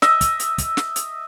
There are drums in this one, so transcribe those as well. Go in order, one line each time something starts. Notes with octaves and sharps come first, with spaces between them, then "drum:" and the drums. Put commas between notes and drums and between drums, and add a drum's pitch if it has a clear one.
D#5 E5, drum: snare
drum: kick, hi-hat
drum: hi-hat
drum: kick, hi-hat
drum: snare
drum: hi-hat